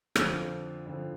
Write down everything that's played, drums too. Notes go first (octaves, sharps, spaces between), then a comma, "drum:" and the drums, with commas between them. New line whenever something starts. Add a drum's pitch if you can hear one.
F2 D3 F3 F4, drum: rim click
F2 D3 F3